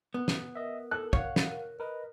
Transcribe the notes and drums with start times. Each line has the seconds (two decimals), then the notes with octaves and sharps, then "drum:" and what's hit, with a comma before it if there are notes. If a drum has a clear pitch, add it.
0.14 B3
0.28 drum: snare
0.55 A#4 D#5 E5
0.91 A4 F#6
1.13 C#5 F5 F#5, drum: kick
1.36 drum: snare
1.49 A#4
1.80 A#4 B4 D#5